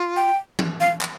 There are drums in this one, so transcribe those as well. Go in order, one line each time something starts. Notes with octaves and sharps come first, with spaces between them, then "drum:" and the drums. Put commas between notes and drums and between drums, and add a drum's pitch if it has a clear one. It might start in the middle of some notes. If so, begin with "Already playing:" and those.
Already playing: F4
G5
drum: tom E3
F5
drum: clap